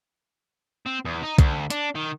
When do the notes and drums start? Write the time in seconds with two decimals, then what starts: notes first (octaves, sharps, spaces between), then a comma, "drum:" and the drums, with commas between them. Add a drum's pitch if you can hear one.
0.86 C4
1.05 E2
1.23 D#4
1.39 D2, drum: kick, hi-hat
1.70 D4, drum: hi-hat
1.95 D#3